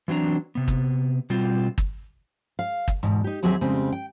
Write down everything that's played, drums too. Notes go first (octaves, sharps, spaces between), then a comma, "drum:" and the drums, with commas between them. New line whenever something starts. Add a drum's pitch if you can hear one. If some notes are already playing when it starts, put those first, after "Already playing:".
E3 F#3 C4 D4 A#5
C3 B3
drum: kick
B2 G3 C4 F4
drum: kick
F5
drum: kick
E2 G#2 B2
D#4 G4
D#2 F#3 C4 G4 G#4 E5
F2 C#3 G3 G#3 C4
G5